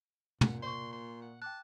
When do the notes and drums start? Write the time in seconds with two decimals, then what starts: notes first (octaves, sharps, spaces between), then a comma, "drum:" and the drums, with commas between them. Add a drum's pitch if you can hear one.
0.41 A#2 F#5, drum: tom
0.62 D5 C6 C#6
0.93 C6
1.22 F#5
1.42 G5 A5 D6 F#6